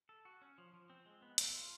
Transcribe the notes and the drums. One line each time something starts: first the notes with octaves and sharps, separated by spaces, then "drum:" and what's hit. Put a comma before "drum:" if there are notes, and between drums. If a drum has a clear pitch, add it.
A4
F#4
C#4
F3
F3
C4
G#3
B3
A4, drum: hi-hat
F4